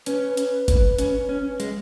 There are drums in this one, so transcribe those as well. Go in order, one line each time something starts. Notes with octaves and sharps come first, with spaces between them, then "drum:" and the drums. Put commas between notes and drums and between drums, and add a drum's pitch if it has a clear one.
C#4 B4, drum: hi-hat
drum: hi-hat
drum: kick F#1, hi-hat
C#4, drum: hi-hat
C#4
G#3, drum: hi-hat